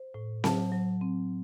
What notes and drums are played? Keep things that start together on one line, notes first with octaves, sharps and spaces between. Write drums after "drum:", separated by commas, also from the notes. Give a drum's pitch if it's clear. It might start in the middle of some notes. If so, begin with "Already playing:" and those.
Already playing: C5
A2
F#3 A5, drum: snare C4
F#3
C4